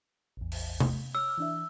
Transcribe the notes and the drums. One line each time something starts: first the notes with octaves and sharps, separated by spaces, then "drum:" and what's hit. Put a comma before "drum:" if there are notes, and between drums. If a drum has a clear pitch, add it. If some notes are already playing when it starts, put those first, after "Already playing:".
A1 E2
drum: open hi-hat
drum: tom C3
C#5 D6 E6 F6
E3 D4 E5